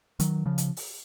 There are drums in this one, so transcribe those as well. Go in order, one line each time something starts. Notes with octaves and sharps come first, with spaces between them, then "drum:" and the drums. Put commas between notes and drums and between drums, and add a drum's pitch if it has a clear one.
D#3 F#3, drum: hi-hat
C#3 F3
drum: hi-hat
drum: open hi-hat